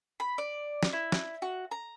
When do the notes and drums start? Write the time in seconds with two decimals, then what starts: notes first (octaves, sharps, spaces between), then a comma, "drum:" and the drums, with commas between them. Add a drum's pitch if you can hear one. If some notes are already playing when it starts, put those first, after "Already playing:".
0.20 B5
0.38 D5
0.83 drum: snare
0.93 E4
1.12 drum: snare
1.42 F#4
1.71 A#5